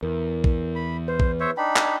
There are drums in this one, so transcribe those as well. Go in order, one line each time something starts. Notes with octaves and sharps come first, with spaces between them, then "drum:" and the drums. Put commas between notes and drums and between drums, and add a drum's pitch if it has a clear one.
E2 A#4
drum: kick A#1
B5
B4 C5
drum: kick A#1
C5 C#5 E5
D4 D#4 G5 B5
drum: clap